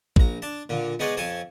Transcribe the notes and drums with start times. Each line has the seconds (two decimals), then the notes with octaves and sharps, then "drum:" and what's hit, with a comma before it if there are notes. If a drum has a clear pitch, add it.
0.16 A#1 A#5, drum: kick A1
0.42 D4 A5
0.69 A#2 D3
0.99 G#3 B3 D#4 G#4 C#5 D5
1.17 F2 C4 C#5 G#5 A5